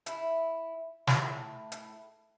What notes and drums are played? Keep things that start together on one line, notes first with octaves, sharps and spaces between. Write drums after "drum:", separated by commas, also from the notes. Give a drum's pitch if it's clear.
E4, drum: hi-hat
A2, drum: snare
drum: hi-hat